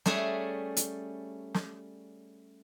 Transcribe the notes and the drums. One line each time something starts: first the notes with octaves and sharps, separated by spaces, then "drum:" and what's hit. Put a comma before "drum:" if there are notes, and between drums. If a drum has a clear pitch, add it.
G3 A3 C#4 G#4 E5 F#5, drum: snare
drum: hi-hat
drum: snare